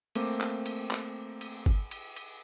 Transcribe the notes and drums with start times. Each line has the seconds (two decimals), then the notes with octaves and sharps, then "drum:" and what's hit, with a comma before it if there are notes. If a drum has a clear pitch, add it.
0.15 A3 A#3 C4 D6, drum: cymbal
0.41 drum: clap
0.66 drum: cymbal
0.91 drum: clap
1.41 drum: cymbal
1.66 drum: kick G1
1.91 drum: cymbal
2.16 drum: cymbal